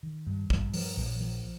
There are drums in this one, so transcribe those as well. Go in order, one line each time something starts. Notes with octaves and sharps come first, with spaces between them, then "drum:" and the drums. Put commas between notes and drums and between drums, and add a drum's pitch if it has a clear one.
D#3
G2
G2, drum: kick
F3, drum: open hi-hat
A#1
F3